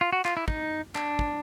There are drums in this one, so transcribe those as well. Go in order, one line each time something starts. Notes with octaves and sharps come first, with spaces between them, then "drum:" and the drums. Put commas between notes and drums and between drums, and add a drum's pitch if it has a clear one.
F4
F#4
F4, drum: clap
E4
D#4, drum: kick
D4, drum: clap
drum: kick